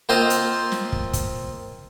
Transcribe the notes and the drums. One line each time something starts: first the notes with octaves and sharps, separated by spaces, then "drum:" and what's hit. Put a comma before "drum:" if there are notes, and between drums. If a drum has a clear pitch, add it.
A#3 C4 F4 C5 D#5 F5
drum: hi-hat
drum: snare
drum: kick
drum: kick, hi-hat